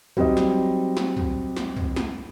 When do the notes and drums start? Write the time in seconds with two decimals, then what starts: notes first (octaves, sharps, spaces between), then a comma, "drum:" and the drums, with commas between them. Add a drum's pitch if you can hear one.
0.17 F#3 G3 C4 D#4 D#5, drum: tom
0.37 drum: snare
0.97 drum: snare
1.17 drum: tom
1.57 drum: snare
1.76 drum: tom
1.96 drum: snare